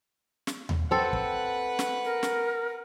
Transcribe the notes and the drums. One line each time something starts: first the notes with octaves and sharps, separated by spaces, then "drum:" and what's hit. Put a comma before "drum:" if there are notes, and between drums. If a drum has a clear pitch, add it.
drum: snare
drum: tom D#2
C4 A4 B4 F#5
drum: kick
drum: snare
A#4
drum: snare